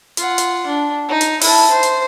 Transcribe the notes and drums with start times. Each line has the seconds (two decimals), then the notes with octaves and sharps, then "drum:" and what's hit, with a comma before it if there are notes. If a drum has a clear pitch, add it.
0.17 F4 F#5, drum: hi-hat
0.38 drum: hi-hat
0.66 D4
1.09 D#4
1.21 drum: hi-hat
1.41 E4 A5, drum: open hi-hat
1.71 C5
1.83 drum: hi-hat